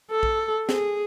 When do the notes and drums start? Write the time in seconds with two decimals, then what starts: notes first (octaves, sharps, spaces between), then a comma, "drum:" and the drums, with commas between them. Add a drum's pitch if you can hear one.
0.11 A4
0.23 drum: kick A#1
0.69 G#4, drum: snare